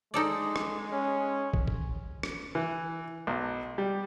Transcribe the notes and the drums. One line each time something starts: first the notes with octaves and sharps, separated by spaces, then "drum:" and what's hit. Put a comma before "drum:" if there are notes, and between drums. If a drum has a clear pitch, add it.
G#3 D#4 A4 D5
drum: rim click
C#4
drum: kick
drum: kick
drum: rim click
E3
B1
G3